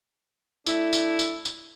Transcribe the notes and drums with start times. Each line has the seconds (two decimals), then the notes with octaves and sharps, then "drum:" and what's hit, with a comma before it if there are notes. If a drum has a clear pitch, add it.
0.66 A3 D4 E4, drum: tambourine
0.93 drum: tambourine
1.19 drum: tambourine
1.45 drum: tambourine